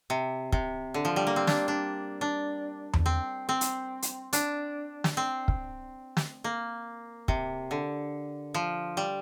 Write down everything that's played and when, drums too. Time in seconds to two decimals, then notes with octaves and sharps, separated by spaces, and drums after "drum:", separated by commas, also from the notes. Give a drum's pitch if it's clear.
0.10 C3
0.52 C3, drum: kick
0.94 D3
1.05 F3
1.16 G3
1.27 A#3
1.36 C4
1.47 D4, drum: snare
1.68 D4
2.21 D4
2.93 drum: tom E2
3.06 C4
3.49 C4
3.61 drum: hi-hat
4.02 drum: hi-hat
4.33 D4, drum: hi-hat
5.04 drum: snare
5.17 C4
5.48 drum: kick
6.17 drum: snare
6.44 A#3
7.28 C3, drum: kick
7.71 D3
8.54 F3
8.97 G3